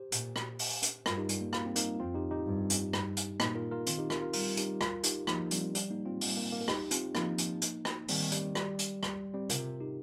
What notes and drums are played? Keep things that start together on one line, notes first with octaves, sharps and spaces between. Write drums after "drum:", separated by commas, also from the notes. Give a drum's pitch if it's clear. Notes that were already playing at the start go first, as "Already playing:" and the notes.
Already playing: G4 C5
A#2, drum: hi-hat
drum: rim click
drum: open hi-hat
drum: hi-hat
G2 F4 A#4, drum: rim click
D#4 G4
G3, drum: hi-hat
A#3
A#3, drum: rim click
C4
A#3 D#4, drum: hi-hat
F2 C4 F4
D#4 G4
D#4 G4
G2
drum: hi-hat
G2, drum: rim click
drum: hi-hat
A#2 A#3 D#4, drum: rim click
F4 A#4
F4 A#4
D#3 C4 F4, drum: hi-hat
D#4 G4
F4 A#4, drum: rim click
F4 A#4
G3 F4 A#4, drum: open hi-hat
D#4 G4, drum: hi-hat
F4 A#4, drum: rim click
D#4 G4, drum: hi-hat
F3 A#3 D#4, drum: rim click
G3 C4, drum: hi-hat
G3, drum: hi-hat
A#3 D#4
C4 F4
G3, drum: open hi-hat
A#3
A#3
A#4
D#4 G4, drum: rim click
C4 F4, drum: hi-hat
F3 A#3 D#4, drum: rim click
drum: hi-hat
drum: hi-hat
drum: rim click
D#3 G3 C4, drum: open hi-hat
G3, drum: hi-hat
G3, drum: rim click
drum: hi-hat
G3, drum: rim click
G3 C4
C3 F4 A#4, drum: hi-hat
D#4 G4